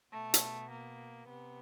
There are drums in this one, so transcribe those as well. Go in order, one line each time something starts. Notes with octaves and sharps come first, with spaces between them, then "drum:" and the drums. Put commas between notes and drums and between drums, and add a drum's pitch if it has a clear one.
B2 A3
drum: hi-hat
A#3
C3 B3